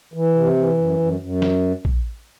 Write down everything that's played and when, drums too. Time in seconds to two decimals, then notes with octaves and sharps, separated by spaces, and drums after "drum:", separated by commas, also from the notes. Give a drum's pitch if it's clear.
0.14 E3
0.35 C3
0.56 E3
0.78 F#2
0.99 F#2
1.20 F#2
1.42 drum: snare
1.85 drum: kick A#1